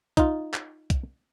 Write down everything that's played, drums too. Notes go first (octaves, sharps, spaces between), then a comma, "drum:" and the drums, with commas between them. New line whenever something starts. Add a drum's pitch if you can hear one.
D#4 F4, drum: kick, hi-hat
drum: clap
drum: kick, hi-hat